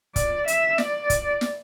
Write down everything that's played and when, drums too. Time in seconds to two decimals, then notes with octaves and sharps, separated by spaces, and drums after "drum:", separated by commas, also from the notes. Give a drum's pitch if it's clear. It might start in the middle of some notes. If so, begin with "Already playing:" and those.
0.16 D5, drum: kick, hi-hat
0.48 E5, drum: hi-hat
0.78 D5, drum: snare
1.10 drum: kick, hi-hat
1.41 drum: snare